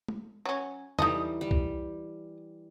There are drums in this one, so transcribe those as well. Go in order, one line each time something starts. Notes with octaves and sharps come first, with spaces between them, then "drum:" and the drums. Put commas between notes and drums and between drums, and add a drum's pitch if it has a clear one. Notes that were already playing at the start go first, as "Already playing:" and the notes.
drum: tom G#3
F#3 C#4
E3 G3 D#4 A4 D#5, drum: tom E2
G3
drum: kick C2